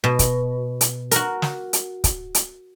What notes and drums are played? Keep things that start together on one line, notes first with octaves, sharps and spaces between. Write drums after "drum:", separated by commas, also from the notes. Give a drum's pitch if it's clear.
B2
drum: kick, hi-hat
drum: hi-hat
F#4 A#4, drum: hi-hat
drum: snare
drum: hi-hat
drum: kick, hi-hat
drum: hi-hat